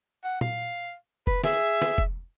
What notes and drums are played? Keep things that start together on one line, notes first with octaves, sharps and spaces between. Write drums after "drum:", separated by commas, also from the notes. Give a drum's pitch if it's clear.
F#5
F5, drum: tom
B4, drum: kick F1
G#4 E5, drum: snare
drum: snare
drum: kick F1